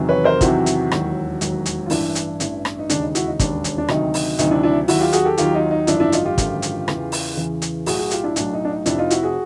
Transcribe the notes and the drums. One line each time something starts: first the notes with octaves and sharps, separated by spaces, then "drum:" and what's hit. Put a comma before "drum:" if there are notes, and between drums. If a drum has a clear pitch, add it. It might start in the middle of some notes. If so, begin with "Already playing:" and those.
Already playing: E2 C3 D#3 F#3
B4 C#5
A#4 C5
E2 C3 D#3 F#3 E4 F#4, drum: kick, hi-hat
drum: hi-hat
E1 D#2 D#3 F#3, drum: rim click
E1 D#2 D#3 F#3, drum: hi-hat
drum: hi-hat
F4
A1 G2 E3 D4 E4, drum: open hi-hat
drum: hi-hat
A1 G2 E3, drum: hi-hat
drum: rim click
D#4
E1 D#2 C#3 D4, drum: hi-hat
D#4
E4 F#4, drum: hi-hat
D#4
E1 D#2 C#3 D4, drum: kick, hi-hat
drum: hi-hat
D4
D2 C3 D#3 F#3 D#4, drum: rim click
drum: open hi-hat
D2 C3 D#3 F#3 D#4, drum: hi-hat
D4 E4
D4 E4
D#2 D#3 F#3 E4 F#4, drum: open hi-hat
F4 G4
F#4 G#4, drum: hi-hat
G4 A4
D#2 D#3 F#3 F4 G4, drum: hi-hat
D#4 F4
D#4
G#1 F#2 D3 F3 D4 E4, drum: hi-hat
D4 E4
D#4 F4, drum: hi-hat
F4 G4
G#1 F#2 D3 F3, drum: kick, hi-hat
drum: hi-hat
E2 C#3 E3, drum: rim click
drum: open hi-hat
E2 C#3 E3
drum: hi-hat
B1 A2 F#3 F#4 G#4, drum: open hi-hat
F#4 G#4
F4 G4, drum: hi-hat
D4 E4
B1 A2 F#3 D4, drum: hi-hat
D#4
D4
D#4
F1 F2 C3 D4 E4, drum: hi-hat
D#4 F4
E4 F#4, drum: hi-hat
F#4 G#4